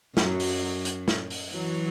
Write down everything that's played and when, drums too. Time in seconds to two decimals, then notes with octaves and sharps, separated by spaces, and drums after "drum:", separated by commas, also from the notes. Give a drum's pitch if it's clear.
0.17 F#2 F#3, drum: snare
0.40 drum: open hi-hat
0.85 drum: hi-hat
1.08 drum: snare
1.30 drum: open hi-hat
1.53 E3 F#3